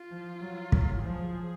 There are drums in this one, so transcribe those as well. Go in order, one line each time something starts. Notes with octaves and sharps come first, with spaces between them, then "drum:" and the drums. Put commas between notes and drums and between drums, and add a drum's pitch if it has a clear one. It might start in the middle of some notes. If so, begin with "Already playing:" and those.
Already playing: F4
F3
F#3
F#3, drum: kick
F3 G#4